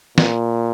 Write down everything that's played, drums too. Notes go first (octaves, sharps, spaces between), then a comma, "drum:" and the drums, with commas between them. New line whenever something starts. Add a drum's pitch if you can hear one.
A#2, drum: snare